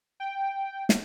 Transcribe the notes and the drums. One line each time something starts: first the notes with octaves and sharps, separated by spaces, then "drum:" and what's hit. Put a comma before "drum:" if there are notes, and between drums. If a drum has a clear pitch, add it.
G5
drum: snare